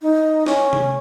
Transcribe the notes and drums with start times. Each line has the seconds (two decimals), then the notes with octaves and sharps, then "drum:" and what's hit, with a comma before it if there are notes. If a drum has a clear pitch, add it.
0.02 D#4
0.46 C#4, drum: snare
0.73 drum: tom C3